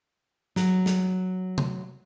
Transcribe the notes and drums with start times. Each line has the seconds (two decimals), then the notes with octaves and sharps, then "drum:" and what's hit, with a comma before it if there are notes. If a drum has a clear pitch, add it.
0.56 F#3, drum: snare
0.86 drum: snare
1.58 drum: tom C3